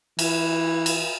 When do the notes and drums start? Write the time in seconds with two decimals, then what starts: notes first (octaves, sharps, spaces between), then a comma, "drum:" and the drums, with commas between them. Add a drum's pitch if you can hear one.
0.19 E3, drum: cymbal
0.86 drum: cymbal